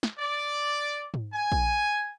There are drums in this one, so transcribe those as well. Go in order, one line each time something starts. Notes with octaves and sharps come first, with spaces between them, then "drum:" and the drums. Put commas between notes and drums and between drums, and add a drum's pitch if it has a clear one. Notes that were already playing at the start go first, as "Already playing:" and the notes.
drum: snare
D5
drum: tom G#2
G#5
drum: kick A#1